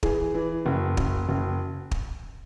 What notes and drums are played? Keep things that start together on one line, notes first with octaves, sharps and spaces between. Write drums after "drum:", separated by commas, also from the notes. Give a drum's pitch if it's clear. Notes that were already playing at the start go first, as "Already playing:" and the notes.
E3 G#4, drum: kick
E3
F#1
F#1, drum: kick
F#1
drum: kick